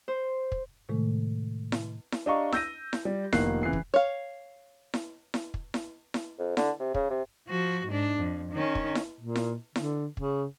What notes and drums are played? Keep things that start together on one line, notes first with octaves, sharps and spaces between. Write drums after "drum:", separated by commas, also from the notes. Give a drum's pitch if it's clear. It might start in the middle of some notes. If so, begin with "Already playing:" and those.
C5
drum: kick
A2 C3 D#3 G#3 A3
drum: snare E4
drum: snare E4
D4 G4 D#5 F5 A#5 C#6
E6 G6 A#6 D#7, drum: snare E4
drum: snare E4
G3
F1 D#3 A#3 B3 F#6 C7, drum: snare E4
C#3 E3 C7
drum: kick
C#5 F5
drum: snare E4
drum: snare E4
drum: kick
drum: snare E4
drum: snare E4
F2
D3, drum: snare E4
C3
C#3, drum: kick
C3
F3 F#4
G#2 D4
F2
D#3 C#4
drum: kick
drum: snare E4
A#2
drum: snare E4
D3, drum: snare E4
C#3, drum: kick